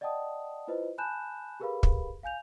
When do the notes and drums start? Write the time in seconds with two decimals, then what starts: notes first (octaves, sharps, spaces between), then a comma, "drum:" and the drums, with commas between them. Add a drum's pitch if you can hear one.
0.01 D5 D#5 F#5 G5 A5 D#6
0.68 E4 F4 B4 C5 D#5
0.98 G#5 A5 B5 F#6 G6 E7
1.60 G4 G#4 A#4 B4 F5 B5
1.83 drum: kick
2.23 F5 G#5 G6 F7